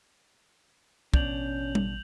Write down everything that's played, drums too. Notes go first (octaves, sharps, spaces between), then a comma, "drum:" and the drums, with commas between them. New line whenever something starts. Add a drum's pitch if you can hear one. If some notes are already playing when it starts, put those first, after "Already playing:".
A1 B2 C#4 D4 G6 F7 F#7, drum: kick
drum: tom G3